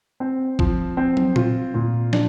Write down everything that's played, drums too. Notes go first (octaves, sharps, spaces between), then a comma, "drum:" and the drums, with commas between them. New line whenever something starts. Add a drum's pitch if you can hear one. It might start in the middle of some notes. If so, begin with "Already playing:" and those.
C4
F3, drum: kick A1
C4
drum: tom
F4, drum: tom A#2
A#2
D4, drum: snare